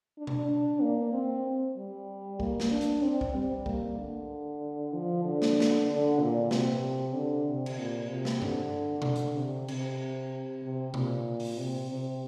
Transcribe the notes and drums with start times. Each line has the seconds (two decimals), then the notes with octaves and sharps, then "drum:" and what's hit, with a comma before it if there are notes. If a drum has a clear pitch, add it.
0.18 D4
0.27 drum: tom B2
0.49 D4
0.81 A#3
1.13 C4
1.76 G3
2.40 A#3, drum: kick
2.60 drum: snare
2.70 D4
2.81 drum: hi-hat
3.02 C4
3.21 drum: kick
3.34 G3
3.66 A#3, drum: kick
3.98 D3
4.93 F3
5.24 D3
5.42 drum: snare
5.60 drum: snare
5.88 D3
6.20 A#2
6.51 C3, drum: snare
7.14 D3
7.47 C3
7.66 drum: cymbal
7.78 A#2
8.10 C3
8.25 drum: snare
8.42 D3, drum: tom G2
9.02 drum: tom B2
9.16 drum: hi-hat
9.37 C3
9.68 C3, drum: cymbal
10.63 C3
10.94 A#2, drum: tom B2
11.40 drum: open hi-hat
11.58 C3
11.89 C3